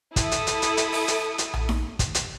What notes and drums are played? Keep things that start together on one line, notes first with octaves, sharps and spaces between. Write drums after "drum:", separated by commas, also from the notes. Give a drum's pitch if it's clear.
E4 A4 D#6, drum: kick, hi-hat
drum: hi-hat
drum: hi-hat
drum: hi-hat
drum: hi-hat
drum: open hi-hat
drum: hi-hat
drum: hi-hat
drum: tom A#1
drum: snare D#4
drum: kick, hi-hat
drum: hi-hat